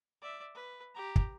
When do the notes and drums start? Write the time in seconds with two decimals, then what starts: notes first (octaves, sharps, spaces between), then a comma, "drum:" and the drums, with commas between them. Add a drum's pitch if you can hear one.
0.22 D5 E5
0.55 B4
0.94 G4 A#5
1.16 drum: kick